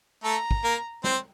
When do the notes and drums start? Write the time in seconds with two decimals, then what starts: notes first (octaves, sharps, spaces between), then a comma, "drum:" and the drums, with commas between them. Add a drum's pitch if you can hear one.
0.24 A3 A4 A#5
0.51 drum: kick
0.64 A#3 A#4
1.04 C4 C5, drum: snare